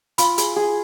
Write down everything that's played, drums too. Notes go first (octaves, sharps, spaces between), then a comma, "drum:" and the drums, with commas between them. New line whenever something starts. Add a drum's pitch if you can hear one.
F4 B5, drum: hi-hat
G#4, drum: hi-hat
G#4